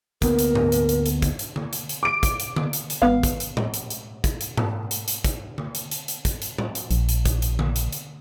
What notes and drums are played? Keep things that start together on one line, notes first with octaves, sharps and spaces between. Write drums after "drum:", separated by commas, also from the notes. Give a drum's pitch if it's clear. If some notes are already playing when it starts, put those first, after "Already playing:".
D2 A#3 B3 A#4, drum: kick, hi-hat
drum: hi-hat
drum: tom G#2
drum: hi-hat
drum: hi-hat
drum: hi-hat
drum: kick, hi-hat
drum: hi-hat
drum: tom D3
drum: hi-hat
drum: hi-hat
D6 D7
drum: kick, hi-hat
drum: hi-hat
drum: tom D3
drum: hi-hat
drum: hi-hat
G#1 B3 F5
drum: kick, hi-hat
drum: hi-hat
drum: tom A2
drum: hi-hat
drum: hi-hat
drum: kick, hi-hat
drum: hi-hat
drum: tom G#2
drum: hi-hat
drum: hi-hat
drum: kick, hi-hat
drum: tom D3
drum: hi-hat
drum: hi-hat
drum: hi-hat
drum: kick, hi-hat
drum: hi-hat
drum: tom A2
drum: hi-hat
A#1, drum: hi-hat
drum: hi-hat
drum: kick, hi-hat
drum: hi-hat
drum: tom D3
drum: hi-hat
drum: hi-hat